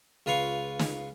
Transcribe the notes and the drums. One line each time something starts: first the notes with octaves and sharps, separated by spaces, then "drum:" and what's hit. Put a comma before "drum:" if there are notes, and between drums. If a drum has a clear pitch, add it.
C#2 F4 B4 F5 C#6
drum: snare